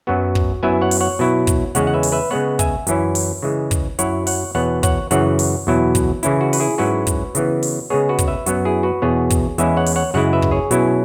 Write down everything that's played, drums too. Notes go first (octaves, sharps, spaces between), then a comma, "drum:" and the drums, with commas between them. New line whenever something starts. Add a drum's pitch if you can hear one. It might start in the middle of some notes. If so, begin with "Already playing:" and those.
F#2 F#3 B3 F#4
drum: kick
F#2 F#3 B3 E4 E5 G#5
C#5 F#5
drum: open hi-hat
C#5 F#5
B2 F#3 E4
drum: kick, hi-hat
E2 C#3 G#3 C#4 C#5 F#5, drum: hi-hat
F#5
B4 E5
drum: open hi-hat
B4 E5
C#3 G#3 B3 C#5 F#5
E5 G#5, drum: kick, hi-hat
F#2 E3 C#4 E4, drum: hi-hat
drum: open hi-hat
C#3 E3 G#3
drum: kick, hi-hat
F#2 F#3 E4 C#5 F#5, drum: hi-hat
C#5 F#5, drum: open hi-hat
E2 B2 B3 C#5 F#5
C#5 F#5, drum: kick, hi-hat
F#2 C#3 E3 C#5 F#5, drum: hi-hat
drum: open hi-hat
E2 B2 F#3 E4
drum: kick, hi-hat
C#3 E3 C#4 E4, drum: hi-hat
F#4
B4, drum: open hi-hat
E4 G#4
G#2 F#3 C#4 E4 F#4 B4
drum: kick, hi-hat
C#3 E3 B3, drum: hi-hat
drum: open hi-hat
C#3 G#3 B3 G#4 C#5
F#4 B4
drum: kick, hi-hat
B4 E5
F#2 F#3 B3 F#4, drum: hi-hat
E4 G#4
F#4 B4
E2 B2 B3 G#4 C#5
drum: kick, hi-hat
E2 E3 G#3 C#4 E4 B4 E5, drum: hi-hat
C#5 F#5
drum: open hi-hat
C#5 F#5
F#2 C#3 G#3 E4 C#5 F#5
B4 E5
drum: kick
G#4 C#5
B2 F#3 C#4 E4, drum: hi-hat